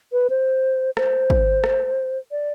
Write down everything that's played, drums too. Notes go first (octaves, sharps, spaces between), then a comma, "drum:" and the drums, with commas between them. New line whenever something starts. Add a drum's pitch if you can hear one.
B4
C5
C5, drum: rim click
drum: kick
drum: rim click
D5